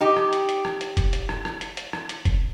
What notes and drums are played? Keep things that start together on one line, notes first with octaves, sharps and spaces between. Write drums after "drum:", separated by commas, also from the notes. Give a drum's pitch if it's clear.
D#4 G4
drum: rim click
drum: hi-hat
drum: hi-hat
drum: rim click
drum: hi-hat
drum: kick F1, hi-hat
drum: hi-hat
drum: rim click
drum: rim click
drum: hi-hat
drum: hi-hat
drum: rim click
drum: hi-hat
drum: kick F1, hi-hat